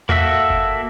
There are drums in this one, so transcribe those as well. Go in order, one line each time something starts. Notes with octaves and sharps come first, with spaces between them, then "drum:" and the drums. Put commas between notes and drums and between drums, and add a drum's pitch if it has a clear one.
A#3 F#4 A4 E5 E6, drum: tom E2
drum: kick F#1